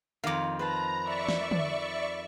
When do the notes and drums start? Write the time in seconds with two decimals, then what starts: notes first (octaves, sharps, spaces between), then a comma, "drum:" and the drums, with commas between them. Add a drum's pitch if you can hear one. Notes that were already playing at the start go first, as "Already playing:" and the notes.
0.24 F2 D#3 F5 D6
0.59 B4 C5 A5 A#5
1.03 D5 E5 C#6
1.29 drum: snare
1.51 drum: tom